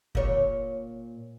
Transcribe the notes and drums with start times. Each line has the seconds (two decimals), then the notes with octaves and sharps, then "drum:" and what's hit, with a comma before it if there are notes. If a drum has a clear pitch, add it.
0.15 A#2 C#5, drum: kick F#1